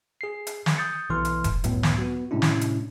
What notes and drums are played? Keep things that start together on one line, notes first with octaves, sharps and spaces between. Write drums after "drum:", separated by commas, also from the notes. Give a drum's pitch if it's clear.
G#4 C7
drum: hi-hat
drum: snare
D#6 G6 A6 C#7
B1 B2 E3 C6 F6
drum: hi-hat
drum: kick E1, hi-hat
C#2 F#2 A2 F#3 B3, drum: hi-hat
drum: snare
B3 F#4
A2 C3 G#3 C#4 D4 E4
drum: snare
drum: hi-hat